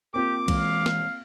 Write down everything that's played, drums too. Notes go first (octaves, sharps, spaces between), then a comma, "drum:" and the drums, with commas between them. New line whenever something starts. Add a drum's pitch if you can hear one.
A#3 C4 F4 G4 D6
E3 G#3 F5, drum: kick B1, cymbal
drum: snare